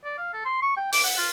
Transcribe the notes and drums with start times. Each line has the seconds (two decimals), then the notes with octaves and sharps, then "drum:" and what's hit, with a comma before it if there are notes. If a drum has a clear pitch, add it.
0.04 D5
0.18 F5
0.34 A4
0.45 C6
0.62 C#6
0.77 G5
0.93 D6, drum: open hi-hat
1.04 F#5
1.18 F4